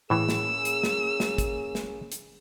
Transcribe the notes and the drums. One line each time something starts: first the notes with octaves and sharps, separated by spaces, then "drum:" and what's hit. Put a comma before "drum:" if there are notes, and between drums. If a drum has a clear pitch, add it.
A2 E3 A#3 C#4 G#4 E6
drum: snare
drum: hi-hat
drum: snare
drum: snare
drum: kick, hi-hat
drum: snare
drum: hi-hat